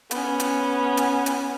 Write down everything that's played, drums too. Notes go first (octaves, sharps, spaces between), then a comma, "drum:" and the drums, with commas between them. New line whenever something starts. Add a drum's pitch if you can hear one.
B3 C#4, drum: hi-hat
drum: hi-hat
drum: hi-hat
drum: hi-hat